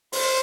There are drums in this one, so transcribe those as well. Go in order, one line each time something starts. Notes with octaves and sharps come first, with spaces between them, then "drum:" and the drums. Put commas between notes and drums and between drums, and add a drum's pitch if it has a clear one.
C5, drum: open hi-hat